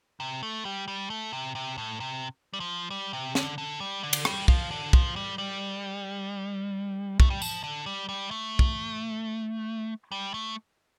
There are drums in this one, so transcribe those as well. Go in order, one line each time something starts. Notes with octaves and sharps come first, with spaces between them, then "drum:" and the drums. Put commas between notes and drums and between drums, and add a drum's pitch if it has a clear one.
C3
A3
G3
G3
A3
C3
C3
A2
C3
G3
F3
G3
C3
D3, drum: snare
D3
G3
D3
drum: cymbal
G3, drum: rim click
F3, drum: kick
D3
F3, drum: kick
G3
G3
A3, drum: kick
G3
F3, drum: tambourine
D3
G3
G3
A3
drum: kick
G3
A3